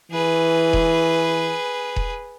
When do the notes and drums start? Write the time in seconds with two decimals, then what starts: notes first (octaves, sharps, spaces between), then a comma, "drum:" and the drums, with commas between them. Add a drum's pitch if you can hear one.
0.12 E3 G#4 B4
0.73 drum: kick E1
1.96 drum: kick E1